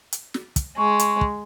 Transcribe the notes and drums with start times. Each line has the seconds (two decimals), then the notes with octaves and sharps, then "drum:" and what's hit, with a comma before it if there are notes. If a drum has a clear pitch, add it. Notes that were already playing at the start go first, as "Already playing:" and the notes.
0.12 drum: hi-hat
0.34 drum: snare
0.56 drum: kick, hi-hat
0.78 G#3 C#6
0.99 drum: hi-hat
1.21 drum: kick